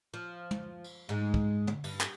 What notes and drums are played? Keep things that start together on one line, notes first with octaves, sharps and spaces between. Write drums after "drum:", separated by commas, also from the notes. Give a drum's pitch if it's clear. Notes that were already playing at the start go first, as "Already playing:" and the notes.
F3
drum: tom
drum: cymbal
G#2 G#3
drum: kick
drum: tom
G2, drum: cymbal
drum: clap